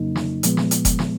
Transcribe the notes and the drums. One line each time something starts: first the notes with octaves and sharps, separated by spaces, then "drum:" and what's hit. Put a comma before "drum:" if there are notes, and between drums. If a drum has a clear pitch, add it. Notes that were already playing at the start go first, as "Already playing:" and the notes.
Already playing: F2 C#3 F#3 A#3 D#4
drum: snare
A#2 F3 G#3 B3, drum: hi-hat
drum: snare
drum: hi-hat
drum: kick F1, hi-hat
drum: snare